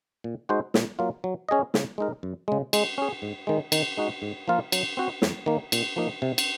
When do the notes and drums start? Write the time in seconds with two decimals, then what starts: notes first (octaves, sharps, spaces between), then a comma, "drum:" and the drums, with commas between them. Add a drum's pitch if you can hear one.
0.24 A#2
0.49 G#3 D#4 F#4 C5
0.74 A#2, drum: snare
0.99 F#3 A#3 F4
1.24 F#3
1.49 C#4 G#4 D#5
1.74 C#3, drum: snare
1.98 G#3 D#4 A#4
2.23 F#2
2.48 C#3 G#3
2.73 G#3, drum: cymbal
2.98 C#4 G#4
3.22 G#2
3.47 D#3 G#3
3.72 D#3, drum: cymbal
3.97 G#3 D#4 F#4
4.22 G#2
4.48 F3 A#3 F4 A#4
4.72 F#3, drum: cymbal
4.97 C4 F#4 C5
5.22 F2, drum: snare
5.46 D#3 A#3
5.72 A#2, drum: cymbal
5.96 F3 A#3 D#4
6.22 C3
6.38 drum: cymbal